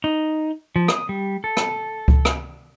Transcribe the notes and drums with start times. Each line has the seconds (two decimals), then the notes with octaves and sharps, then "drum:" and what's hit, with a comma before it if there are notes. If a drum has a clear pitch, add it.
0.04 D#4
0.76 F3
0.88 D#6, drum: rim click
1.09 G3
1.44 A4
1.57 drum: rim click
2.08 drum: kick C#2
2.25 drum: rim click